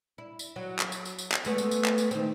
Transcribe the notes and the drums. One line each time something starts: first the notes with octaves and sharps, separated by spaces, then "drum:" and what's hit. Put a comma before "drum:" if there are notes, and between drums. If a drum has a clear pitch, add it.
E4
drum: tambourine
F#3
drum: clap
drum: tambourine
drum: tambourine
drum: tambourine
drum: clap
G#3 A3 B3, drum: tambourine
drum: tambourine
drum: tambourine
drum: clap
drum: tambourine
D#3 C4, drum: tambourine